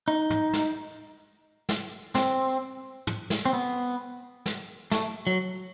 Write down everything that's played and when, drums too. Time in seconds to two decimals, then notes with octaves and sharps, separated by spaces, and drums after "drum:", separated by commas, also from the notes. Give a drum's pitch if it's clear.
0.08 D#4
0.30 drum: tom
0.53 drum: snare
1.69 drum: snare
2.15 C4, drum: snare
3.07 drum: tom
3.30 drum: snare
3.46 C4
3.53 B3
4.46 drum: snare
4.92 A3, drum: snare
5.27 F#3